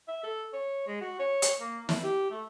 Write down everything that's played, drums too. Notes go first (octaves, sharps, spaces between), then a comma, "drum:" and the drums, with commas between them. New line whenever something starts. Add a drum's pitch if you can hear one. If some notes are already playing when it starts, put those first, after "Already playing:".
E5
A4
C#5
G#3
F#4
C#5
drum: hi-hat
A#3
E4, drum: snare
G4
A3